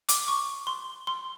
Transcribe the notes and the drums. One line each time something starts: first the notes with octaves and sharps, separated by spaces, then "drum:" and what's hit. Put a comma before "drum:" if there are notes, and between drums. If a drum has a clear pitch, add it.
D6, drum: hi-hat
C#6
C6
C6